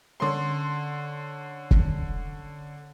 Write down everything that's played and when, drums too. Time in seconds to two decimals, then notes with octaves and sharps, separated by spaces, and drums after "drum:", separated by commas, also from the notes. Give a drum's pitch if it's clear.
0.20 D3 C#4 C6
1.71 drum: kick